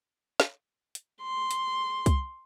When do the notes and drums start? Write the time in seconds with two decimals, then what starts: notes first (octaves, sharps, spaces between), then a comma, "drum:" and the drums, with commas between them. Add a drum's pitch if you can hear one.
0.40 drum: snare
0.95 drum: hi-hat
1.23 C6
1.51 drum: hi-hat
2.06 drum: kick C2, hi-hat